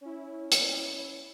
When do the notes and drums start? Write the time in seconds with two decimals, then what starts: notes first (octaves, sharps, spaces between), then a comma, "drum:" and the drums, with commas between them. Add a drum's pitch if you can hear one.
0.01 C#4 E4
0.52 drum: hi-hat